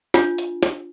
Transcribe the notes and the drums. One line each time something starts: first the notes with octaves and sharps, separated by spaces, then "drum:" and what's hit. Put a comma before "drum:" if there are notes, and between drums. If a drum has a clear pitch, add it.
D4 F4, drum: snare
drum: hi-hat
drum: snare